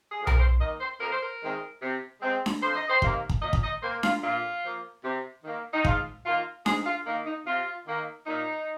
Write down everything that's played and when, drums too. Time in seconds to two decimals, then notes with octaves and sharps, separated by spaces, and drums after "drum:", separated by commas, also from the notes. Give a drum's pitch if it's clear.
0.12 G#4
0.20 F2
0.27 A#4, drum: tom B1
0.40 C5
0.60 D#3 A#3 D#5
0.81 C5
1.01 F2 A#4
1.12 C5
1.23 A#4
1.41 D#3 G#3 C4
1.82 C3
2.21 G#3 C4
2.46 drum: snare D4
2.62 F2 C5
2.76 D#5
2.89 C5
3.02 C3 D#3 A#3, drum: kick
3.29 drum: kick
3.42 A#2 D#5
3.53 drum: kick
3.63 D#5
3.83 A#3 C5
4.03 F4, drum: snare D4
4.23 A#2 F4
4.63 F3 A#3
5.04 C3
5.44 D#3 A#3
5.74 D#4
5.85 G#2 F4, drum: kick
6.26 D#3 A#3 F4
6.66 G#2 G#4, drum: snare D4
6.86 F4
7.06 D#3 A#3
7.26 D#4
7.46 C3 F4
7.87 D#3 A#3
8.27 A#2 D#4